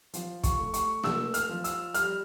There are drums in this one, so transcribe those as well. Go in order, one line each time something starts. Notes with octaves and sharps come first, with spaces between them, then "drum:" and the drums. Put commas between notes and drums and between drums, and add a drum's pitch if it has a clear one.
F3, drum: hi-hat
C#6, drum: kick, hi-hat
A3
C#6, drum: hi-hat
A3 E6, drum: snare A#3
F6, drum: hi-hat
F3
E6, drum: hi-hat
G3 F6, drum: hi-hat